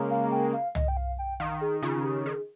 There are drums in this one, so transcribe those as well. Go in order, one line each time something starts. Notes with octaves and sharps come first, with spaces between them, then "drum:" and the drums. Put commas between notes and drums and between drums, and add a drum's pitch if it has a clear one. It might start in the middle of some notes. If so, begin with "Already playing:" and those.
Already playing: C#3 G#3 A#3
F5
G5
F5
D#5, drum: tom C2
G5
F5
G5
D#3 F5
G#4
C#3 F4, drum: hi-hat
G4
D#3 G#4